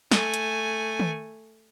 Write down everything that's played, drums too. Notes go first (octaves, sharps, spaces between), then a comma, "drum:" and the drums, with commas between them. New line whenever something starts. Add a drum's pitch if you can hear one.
A3 G#5, drum: snare
drum: hi-hat
drum: tom D#3